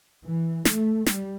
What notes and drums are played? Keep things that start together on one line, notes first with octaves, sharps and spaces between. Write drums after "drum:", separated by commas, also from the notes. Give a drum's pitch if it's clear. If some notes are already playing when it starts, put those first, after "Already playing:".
E3
A3, drum: snare
G3, drum: snare